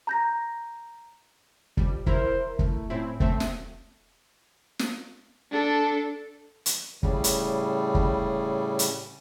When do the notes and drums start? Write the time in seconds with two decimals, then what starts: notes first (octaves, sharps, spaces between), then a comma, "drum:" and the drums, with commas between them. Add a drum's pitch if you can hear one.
0.07 A#5 G6 A#6
1.77 F2 G3, drum: kick
2.06 E4 A#4 C5, drum: kick
2.59 A3, drum: kick
2.90 A2 C4 C#4 E4
3.20 A3 C4 E5, drum: kick
3.40 drum: snare
4.79 drum: snare
5.51 D4 A4
6.66 drum: hi-hat
7.03 A2 C#3 G3, drum: kick
7.24 drum: hi-hat
7.95 drum: kick
8.79 drum: hi-hat